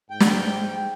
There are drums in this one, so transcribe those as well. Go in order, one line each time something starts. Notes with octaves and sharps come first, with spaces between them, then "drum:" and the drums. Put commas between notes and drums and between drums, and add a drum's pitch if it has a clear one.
G#2 G5
drum: snare